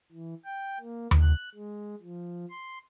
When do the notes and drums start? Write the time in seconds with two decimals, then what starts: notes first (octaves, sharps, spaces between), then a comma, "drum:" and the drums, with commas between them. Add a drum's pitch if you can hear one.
0.11 E3
0.45 G5
0.80 A#3
1.11 drum: tom D#2
1.21 F#6
1.55 G#3
2.02 F3
2.50 C6